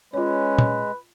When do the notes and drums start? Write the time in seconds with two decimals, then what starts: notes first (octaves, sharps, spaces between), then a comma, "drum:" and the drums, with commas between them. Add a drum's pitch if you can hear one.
0.14 G#3 C#4 F4 B4 C#5
0.59 drum: tom